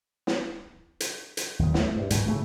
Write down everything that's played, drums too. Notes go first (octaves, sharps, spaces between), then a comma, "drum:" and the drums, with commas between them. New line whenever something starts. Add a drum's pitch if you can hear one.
drum: snare
drum: hi-hat
drum: hi-hat
D#2 D#3
F#3 A3, drum: snare
G2
D2 G#2, drum: hi-hat
A2 C#3 A3